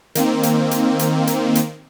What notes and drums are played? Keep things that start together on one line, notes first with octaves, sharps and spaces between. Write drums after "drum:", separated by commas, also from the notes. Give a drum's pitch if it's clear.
D#3 A#3 C4, drum: hi-hat
drum: hi-hat
drum: hi-hat
drum: hi-hat
drum: hi-hat
drum: hi-hat